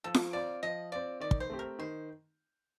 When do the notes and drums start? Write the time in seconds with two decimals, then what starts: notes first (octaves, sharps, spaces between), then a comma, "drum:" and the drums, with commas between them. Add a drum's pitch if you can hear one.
0.04 F3 A4
0.14 drum: snare F4
0.33 C4 F4 D5
0.63 F3 D#5
0.92 C4 F4 D5
1.20 D#3 D5
1.31 drum: kick
1.40 C5
1.50 A3 C4 G4
1.59 A#4
1.79 D#3 C5